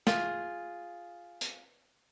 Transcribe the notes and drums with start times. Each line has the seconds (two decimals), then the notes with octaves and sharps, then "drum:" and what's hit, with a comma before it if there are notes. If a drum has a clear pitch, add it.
0.07 F4 G#4, drum: snare
1.41 drum: hi-hat